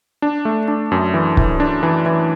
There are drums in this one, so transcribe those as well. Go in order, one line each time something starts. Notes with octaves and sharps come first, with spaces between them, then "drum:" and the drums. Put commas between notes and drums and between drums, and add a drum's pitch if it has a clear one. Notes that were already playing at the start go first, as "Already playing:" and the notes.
D4
A3
D4
F#2
E3
E3, drum: kick
D4
E3
E3